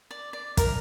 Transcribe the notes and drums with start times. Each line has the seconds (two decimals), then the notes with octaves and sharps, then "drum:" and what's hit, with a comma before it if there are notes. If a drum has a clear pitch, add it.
0.11 D5
0.33 D5
0.57 A#4, drum: kick, hi-hat